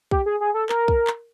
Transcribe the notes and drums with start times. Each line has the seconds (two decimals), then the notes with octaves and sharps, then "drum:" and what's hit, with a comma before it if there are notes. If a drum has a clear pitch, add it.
0.11 G4, drum: kick
0.26 G#4
0.40 G#4
0.54 A4
0.69 A#4, drum: clap
0.88 drum: kick
1.07 drum: clap